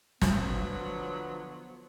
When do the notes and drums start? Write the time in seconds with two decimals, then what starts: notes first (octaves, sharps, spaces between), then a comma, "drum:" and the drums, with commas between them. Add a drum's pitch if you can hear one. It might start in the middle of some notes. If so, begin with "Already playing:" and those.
0.22 D3 F3 F#3 B3, drum: snare